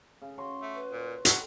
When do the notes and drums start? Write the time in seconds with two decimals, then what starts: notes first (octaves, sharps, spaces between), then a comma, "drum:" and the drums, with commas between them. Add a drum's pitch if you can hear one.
0.22 C#3
0.38 F#4 C#5 C6
0.62 A3
0.75 B4
0.91 A#2
1.25 F#4 A4 G5, drum: hi-hat